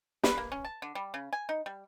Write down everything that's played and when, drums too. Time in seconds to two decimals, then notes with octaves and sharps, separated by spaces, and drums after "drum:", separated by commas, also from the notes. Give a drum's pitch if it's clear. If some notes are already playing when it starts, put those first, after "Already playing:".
0.23 B4, drum: snare
0.38 A#3
0.52 C#4
0.65 A5
0.82 D3
0.95 G3
1.14 C#3
1.33 G#5
1.49 D#4
1.66 G3